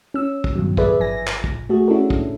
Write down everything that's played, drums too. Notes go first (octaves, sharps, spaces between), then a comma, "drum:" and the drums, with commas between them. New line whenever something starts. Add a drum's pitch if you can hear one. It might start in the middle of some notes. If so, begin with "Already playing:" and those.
C#4 E6
drum: kick
G2 B2 D#3 F#3
G#4 B4 D5 E5 G#5, drum: kick
G#1 F3 G#5 A#6
drum: clap
drum: kick
A3 F#4 G#4
C#4 D4 E4 F#4 A4
drum: kick